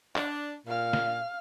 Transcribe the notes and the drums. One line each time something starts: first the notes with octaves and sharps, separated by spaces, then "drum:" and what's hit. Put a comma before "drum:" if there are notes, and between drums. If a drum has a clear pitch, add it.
D4, drum: clap
A#2 F5 F6
drum: snare